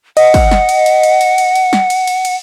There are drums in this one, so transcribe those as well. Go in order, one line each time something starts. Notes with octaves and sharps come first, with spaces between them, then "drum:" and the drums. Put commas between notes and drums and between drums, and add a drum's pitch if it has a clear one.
D#5 F#5, drum: cymbal
drum: kick, cymbal
drum: snare
drum: cymbal
drum: cymbal
drum: cymbal
drum: cymbal
drum: cymbal
drum: cymbal
drum: snare
drum: cymbal
drum: cymbal
drum: cymbal